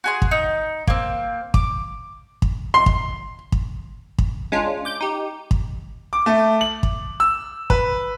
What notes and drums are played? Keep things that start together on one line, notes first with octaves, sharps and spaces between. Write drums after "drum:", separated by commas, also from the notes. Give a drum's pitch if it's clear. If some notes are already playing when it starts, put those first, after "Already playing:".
F#4 G#4 C6
drum: kick
D#4
A#3 C4, drum: kick
D6, drum: kick
drum: kick
C6
drum: kick
drum: kick
drum: kick
G#3 C#4 D4 F4
D6 G6
D#4 G4
drum: kick
D6
A3
F#7
drum: kick
E6
B4, drum: kick